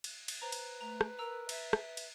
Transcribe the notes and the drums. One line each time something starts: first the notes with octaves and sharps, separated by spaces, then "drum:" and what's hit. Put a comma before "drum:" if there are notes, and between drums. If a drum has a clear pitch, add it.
drum: cymbal
drum: cymbal
B4 C5 A#5
drum: cymbal
A3 A#5
drum: rim click
A#4 A#5 E6 F7
E5, drum: cymbal
drum: rim click
drum: cymbal